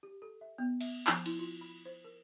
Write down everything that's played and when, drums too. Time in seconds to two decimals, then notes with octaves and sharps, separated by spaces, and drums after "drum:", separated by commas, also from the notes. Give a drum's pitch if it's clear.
0.03 G4
0.22 A4
0.41 E5
0.58 B3
0.80 E5, drum: cymbal
1.07 F3, drum: clap
1.26 E4, drum: cymbal
1.39 F4
1.61 B5
1.86 C5
2.04 A#4